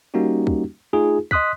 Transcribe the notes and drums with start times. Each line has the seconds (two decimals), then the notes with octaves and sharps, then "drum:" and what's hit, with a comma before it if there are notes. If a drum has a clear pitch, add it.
0.14 G3 A#3 C#4 D#4 F#4 G4
0.47 drum: kick
0.93 A3 D#4 F4 G#4
1.31 D#5 C6 D#6 F#6 B6, drum: kick